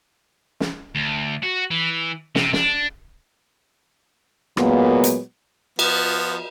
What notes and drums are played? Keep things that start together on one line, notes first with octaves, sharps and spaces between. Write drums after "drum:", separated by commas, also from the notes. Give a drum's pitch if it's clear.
drum: snare
D2
F#4
E3
C3, drum: snare
D4, drum: snare
A#2 F#3 G#3 A#3 B3, drum: rim click
drum: hi-hat
F3 B3, drum: cymbal